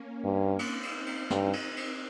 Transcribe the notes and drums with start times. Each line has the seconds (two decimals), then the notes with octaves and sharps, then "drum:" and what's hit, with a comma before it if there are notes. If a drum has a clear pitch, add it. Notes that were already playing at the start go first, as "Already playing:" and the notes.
Already playing: A#3 C#4
0.25 G2
0.59 C4 D#4, drum: cymbal
0.83 drum: cymbal
1.06 drum: cymbal
1.30 G2, drum: snare
1.53 drum: cymbal
1.77 drum: cymbal